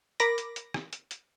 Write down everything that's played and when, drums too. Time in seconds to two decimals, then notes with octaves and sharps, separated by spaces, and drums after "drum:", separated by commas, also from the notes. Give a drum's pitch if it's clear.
0.20 A#4 B5 D6 A#6, drum: hi-hat
0.38 drum: hi-hat
0.56 drum: hi-hat
0.74 drum: rim click
0.93 drum: hi-hat
1.11 drum: hi-hat